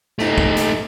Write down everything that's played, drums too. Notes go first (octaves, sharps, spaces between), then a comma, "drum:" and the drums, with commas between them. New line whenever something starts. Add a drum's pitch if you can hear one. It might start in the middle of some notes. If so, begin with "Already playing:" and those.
A3 D#4, drum: snare
drum: kick
drum: hi-hat